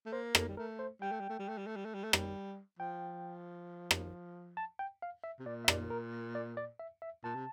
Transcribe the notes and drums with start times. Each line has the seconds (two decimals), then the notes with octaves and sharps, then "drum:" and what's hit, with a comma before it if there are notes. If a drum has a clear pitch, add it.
0.06 A3
0.12 A#3 C5
0.35 A4, drum: rim click
0.48 G3
0.57 A3 A#4
0.79 C5
1.01 G3 G5
1.11 A3
1.20 G3
1.29 A3
1.39 G3
1.48 A3
1.58 G3
1.67 A3
1.76 G3
1.85 A3
1.94 G3
2.04 A3
2.13 G3, drum: rim click
2.79 F3 G5
3.91 drum: rim click
4.57 A5
4.79 G5
5.02 F5
5.24 E5
5.39 C3
5.46 A#2 D5
5.65 E5
5.68 D5, drum: rim click
5.90 A#4
6.35 D5
6.57 D5
6.79 E5
7.02 E5
7.24 A#2 A5
7.35 C3